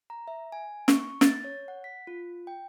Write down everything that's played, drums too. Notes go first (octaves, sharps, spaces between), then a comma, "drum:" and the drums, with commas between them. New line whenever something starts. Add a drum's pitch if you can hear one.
A#5
E5
G#5
C#6, drum: snare
A6, drum: snare
C#5
F#5
B6
F4
G5